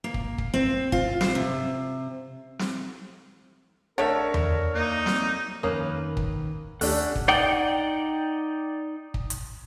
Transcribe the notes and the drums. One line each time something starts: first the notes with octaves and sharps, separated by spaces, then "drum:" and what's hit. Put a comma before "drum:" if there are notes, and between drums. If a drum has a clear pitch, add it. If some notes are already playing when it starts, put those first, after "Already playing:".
A#3
drum: kick
drum: kick
C4
F4, drum: kick
C5, drum: snare
C3
drum: snare
D3 A3 A#4 C#5 E5
drum: tom E2
A#3 D#4
drum: snare
F2 D#3 A#3 C#4 A#4 B4 D#6
drum: kick
D#2 A3 C#4 D4 G4 F#5 F#6, drum: open hi-hat
drum: kick
D#4 D5 F#5 G5
drum: kick
drum: hi-hat